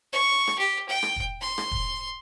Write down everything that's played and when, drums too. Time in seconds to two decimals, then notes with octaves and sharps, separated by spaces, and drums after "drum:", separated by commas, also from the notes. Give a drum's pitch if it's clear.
0.12 C#6
0.47 drum: rim click
0.58 G4
0.89 G5
1.03 drum: rim click
1.16 drum: kick
1.41 C6
1.58 drum: rim click
1.71 drum: kick